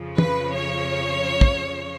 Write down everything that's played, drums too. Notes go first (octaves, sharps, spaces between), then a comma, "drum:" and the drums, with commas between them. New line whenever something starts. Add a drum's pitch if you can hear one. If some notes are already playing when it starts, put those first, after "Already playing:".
Already playing: F2 C#3 F3
B4, drum: tom
C#5
drum: kick